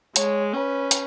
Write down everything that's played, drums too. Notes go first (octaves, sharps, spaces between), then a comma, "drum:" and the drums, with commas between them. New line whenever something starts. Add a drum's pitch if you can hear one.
G#3 C#5, drum: hi-hat
C#4 B4
drum: hi-hat